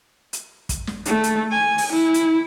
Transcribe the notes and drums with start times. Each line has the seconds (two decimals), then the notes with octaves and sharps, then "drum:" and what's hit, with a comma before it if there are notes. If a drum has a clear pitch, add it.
0.33 drum: hi-hat
0.69 drum: kick, hi-hat
0.87 drum: snare
1.05 A3, drum: hi-hat
1.24 drum: hi-hat
1.52 G#5
1.78 drum: open hi-hat
1.92 E4
2.14 drum: hi-hat